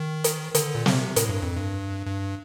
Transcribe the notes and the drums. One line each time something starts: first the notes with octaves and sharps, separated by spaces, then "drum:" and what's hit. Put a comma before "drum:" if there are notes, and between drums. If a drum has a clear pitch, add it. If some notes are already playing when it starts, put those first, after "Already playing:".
Already playing: D#3
drum: hi-hat
D3, drum: hi-hat
A#2
C3, drum: snare
A2, drum: hi-hat
G2
F2
G2
G2